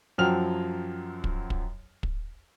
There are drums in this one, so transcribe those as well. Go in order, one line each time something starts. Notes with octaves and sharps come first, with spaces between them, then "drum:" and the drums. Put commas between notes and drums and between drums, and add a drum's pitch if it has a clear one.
F#2 F3 F#3 G5 F6 F7
drum: kick
drum: kick
drum: kick